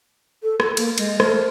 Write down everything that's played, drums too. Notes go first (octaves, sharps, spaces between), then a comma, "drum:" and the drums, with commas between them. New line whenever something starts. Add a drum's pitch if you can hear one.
A4
A4, drum: rim click
A#3, drum: cymbal
G#3, drum: cymbal
A3 A#4 C5, drum: rim click